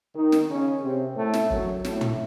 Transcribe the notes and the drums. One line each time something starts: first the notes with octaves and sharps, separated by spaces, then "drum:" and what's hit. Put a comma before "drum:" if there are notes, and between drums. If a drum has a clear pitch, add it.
D#3 D#4
drum: snare
C#3 C#4
C3 C4
A2 A3
drum: snare
F#2 F#3, drum: kick
A2 A3, drum: snare
drum: tom